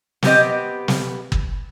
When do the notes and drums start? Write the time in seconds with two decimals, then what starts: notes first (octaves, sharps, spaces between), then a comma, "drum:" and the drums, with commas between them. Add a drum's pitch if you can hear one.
0.23 B3 C4 G4 D#5, drum: snare
0.88 drum: snare
1.32 drum: kick